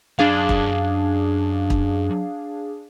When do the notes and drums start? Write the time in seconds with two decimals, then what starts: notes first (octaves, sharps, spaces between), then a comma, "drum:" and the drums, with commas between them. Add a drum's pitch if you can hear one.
0.19 F#2 D4 G#4 F5 B5
0.49 drum: kick
1.70 drum: kick